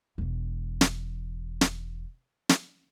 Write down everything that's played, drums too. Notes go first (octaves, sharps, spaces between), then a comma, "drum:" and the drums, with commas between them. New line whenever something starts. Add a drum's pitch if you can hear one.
E1 E3
drum: snare
drum: snare
drum: snare